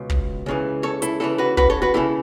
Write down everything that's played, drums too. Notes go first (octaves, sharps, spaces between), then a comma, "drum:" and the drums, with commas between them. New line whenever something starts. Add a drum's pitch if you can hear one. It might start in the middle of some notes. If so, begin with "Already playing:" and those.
Already playing: C#2 B2
drum: kick
C#2 C#3 E3
A4 C#5
E4 A4, drum: hi-hat
C#2 C#3 E3 E4 A4
F#4 B4
F#4 B4, drum: kick
A4 C#5
F#4 B4
C#3 E3 E4 A4